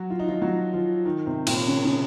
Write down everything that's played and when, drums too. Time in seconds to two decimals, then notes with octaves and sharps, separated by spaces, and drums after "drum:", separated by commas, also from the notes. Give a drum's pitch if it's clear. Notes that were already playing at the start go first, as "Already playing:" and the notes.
Already playing: F#3 F#4
0.10 F4
0.19 D#4
0.28 F3 F4
0.42 F#3 F#4
0.73 F3 F4
1.05 D#3 D#4
1.26 C3 C4
1.47 A#2 A#3, drum: cymbal
1.68 C#3 C#4
1.85 C#3 C#4